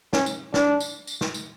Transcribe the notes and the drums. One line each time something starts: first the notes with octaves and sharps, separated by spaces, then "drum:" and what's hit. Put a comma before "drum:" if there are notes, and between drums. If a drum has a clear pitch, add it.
C#4, drum: snare
drum: tambourine
D4, drum: snare
drum: tambourine
drum: tambourine
drum: snare
drum: tambourine